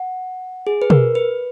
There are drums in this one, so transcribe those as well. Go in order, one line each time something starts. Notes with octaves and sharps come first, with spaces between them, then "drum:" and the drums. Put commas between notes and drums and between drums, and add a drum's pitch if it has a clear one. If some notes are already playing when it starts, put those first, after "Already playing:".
Already playing: F#5
G#4
B4
A#4, drum: tom B2
B4